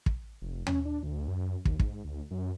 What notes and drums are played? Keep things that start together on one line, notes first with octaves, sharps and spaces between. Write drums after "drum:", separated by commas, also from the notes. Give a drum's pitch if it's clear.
drum: kick
F1
C#4, drum: tom D#2
D4
D2
F#2
D#2, drum: kick
G#2, drum: kick
D2
F#2